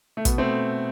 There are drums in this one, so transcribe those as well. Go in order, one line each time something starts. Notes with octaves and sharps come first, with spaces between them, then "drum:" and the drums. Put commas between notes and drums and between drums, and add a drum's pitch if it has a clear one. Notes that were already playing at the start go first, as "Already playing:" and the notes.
A3
B2 B3, drum: kick, hi-hat
A3 C4